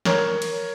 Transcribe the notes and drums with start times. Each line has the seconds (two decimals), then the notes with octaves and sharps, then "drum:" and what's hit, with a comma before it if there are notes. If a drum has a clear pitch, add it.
0.05 A#4 C#5, drum: snare
0.42 drum: cymbal